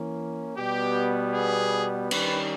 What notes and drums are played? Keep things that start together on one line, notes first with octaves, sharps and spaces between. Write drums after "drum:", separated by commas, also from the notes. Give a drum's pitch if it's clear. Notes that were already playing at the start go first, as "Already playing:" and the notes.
Already playing: E3 A#3 C#4
B2 G3 B3 G4
G#4
D#3 G3 C#4 B4, drum: cymbal